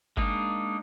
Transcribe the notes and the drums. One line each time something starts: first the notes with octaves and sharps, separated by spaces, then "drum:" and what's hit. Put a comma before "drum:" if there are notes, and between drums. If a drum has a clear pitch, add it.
G#3 A#3 D4 D#4, drum: kick G1